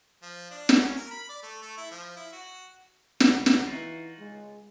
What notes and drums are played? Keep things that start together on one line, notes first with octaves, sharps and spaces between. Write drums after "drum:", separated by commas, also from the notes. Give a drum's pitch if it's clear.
F3
D4
drum: snare
C#4
A#4
B5
D5
A3
A3
E4
F3
E4
F#4
C#2 B2, drum: snare
drum: snare
E3 D#4 F4 F#4
G#3